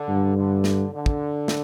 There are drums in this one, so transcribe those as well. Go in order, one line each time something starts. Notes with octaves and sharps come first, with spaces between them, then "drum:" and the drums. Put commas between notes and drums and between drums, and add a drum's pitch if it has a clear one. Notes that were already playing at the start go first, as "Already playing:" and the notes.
Already playing: D3
G2
D3
drum: snare
D3
drum: kick
drum: snare